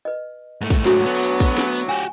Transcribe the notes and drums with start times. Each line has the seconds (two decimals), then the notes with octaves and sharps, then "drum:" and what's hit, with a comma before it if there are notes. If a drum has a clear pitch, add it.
0.05 B4 D#5
0.61 G#2 A3
0.70 drum: kick, tambourine
0.86 D2 F#3 F#4 A4, drum: snare
1.05 B3
1.23 drum: tambourine
1.40 drum: kick, tambourine
1.58 drum: snare
1.75 drum: tambourine
1.89 F#4 G4 G#5